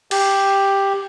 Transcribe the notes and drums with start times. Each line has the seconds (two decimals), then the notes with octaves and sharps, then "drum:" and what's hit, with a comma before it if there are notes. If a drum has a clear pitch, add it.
0.11 G4, drum: cymbal